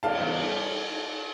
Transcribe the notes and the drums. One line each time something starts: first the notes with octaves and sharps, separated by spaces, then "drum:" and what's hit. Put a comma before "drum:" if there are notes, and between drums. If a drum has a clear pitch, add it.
F1 F5 A5, drum: cymbal
E2
G3